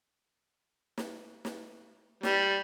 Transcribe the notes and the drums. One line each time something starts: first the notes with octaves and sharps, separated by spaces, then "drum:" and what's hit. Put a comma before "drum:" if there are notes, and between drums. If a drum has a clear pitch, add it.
drum: snare
drum: snare
G3, drum: snare